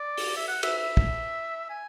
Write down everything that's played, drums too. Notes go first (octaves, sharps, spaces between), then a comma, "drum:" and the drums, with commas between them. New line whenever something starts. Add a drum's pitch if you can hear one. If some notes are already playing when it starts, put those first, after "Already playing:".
Already playing: D5
drum: open hi-hat
E5
F#5
E5, drum: cymbal
E5
drum: kick
G#5